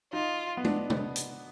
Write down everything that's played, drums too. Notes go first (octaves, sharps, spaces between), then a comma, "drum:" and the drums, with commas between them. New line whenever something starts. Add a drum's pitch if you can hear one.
D#4 F4
B3
D4, drum: tom G#3
drum: tom
drum: hi-hat